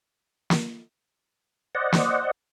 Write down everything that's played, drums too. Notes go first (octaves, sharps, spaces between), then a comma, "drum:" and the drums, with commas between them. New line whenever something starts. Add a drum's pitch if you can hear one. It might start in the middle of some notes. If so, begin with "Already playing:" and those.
drum: snare
C5 D5 D#5 F#5
drum: snare